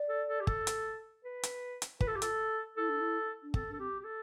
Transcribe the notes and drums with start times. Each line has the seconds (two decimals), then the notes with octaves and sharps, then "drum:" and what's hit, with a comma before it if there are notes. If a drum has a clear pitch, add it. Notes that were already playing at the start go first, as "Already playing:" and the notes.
Already playing: D5
0.09 A4
0.28 A4
0.41 G4
0.47 A4, drum: kick
0.67 drum: hi-hat
1.25 B4
1.43 drum: hi-hat
1.82 drum: hi-hat
2.01 F4 B4, drum: kick
2.08 A4
2.16 G4
2.22 A4, drum: hi-hat
2.77 E4 A4
2.89 D4
3.00 E4
3.43 D4
3.54 C4 A4, drum: kick
3.69 D4 A4
3.79 C4 G4
4.00 G4
4.04 A4